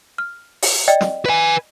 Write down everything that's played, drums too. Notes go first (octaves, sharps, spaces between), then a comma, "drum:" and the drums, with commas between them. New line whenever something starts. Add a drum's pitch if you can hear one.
F6
drum: open hi-hat
D5 D#5 G5
drum: snare
B4 G#5